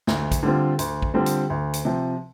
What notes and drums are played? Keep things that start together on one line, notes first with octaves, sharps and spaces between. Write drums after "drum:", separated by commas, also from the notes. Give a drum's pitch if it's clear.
D2, drum: snare
drum: kick A#1, hi-hat
D3 G3 C4 F4
D2, drum: hi-hat
drum: kick A#1
D3 G3 C4 F4
drum: hi-hat
D2
drum: hi-hat
C3 F3